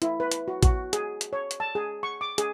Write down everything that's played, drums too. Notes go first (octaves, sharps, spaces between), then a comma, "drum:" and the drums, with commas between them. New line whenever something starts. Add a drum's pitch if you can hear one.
E4, drum: hi-hat
B4
drum: hi-hat
F#4
F#4, drum: kick, hi-hat
G#4, drum: hi-hat
drum: hi-hat
C#5
drum: hi-hat
A5
G#4
C#6
D6
G#4, drum: hi-hat